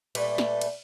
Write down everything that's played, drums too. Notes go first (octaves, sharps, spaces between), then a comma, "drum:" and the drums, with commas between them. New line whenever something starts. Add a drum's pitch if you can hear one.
A#2 G3 A3 B4, drum: cymbal
drum: snare
drum: cymbal